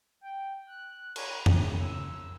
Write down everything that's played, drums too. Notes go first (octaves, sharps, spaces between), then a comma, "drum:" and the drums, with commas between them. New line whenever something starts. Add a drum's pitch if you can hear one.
G5
F#6
C#5, drum: cymbal
C#3, drum: tom F2
E6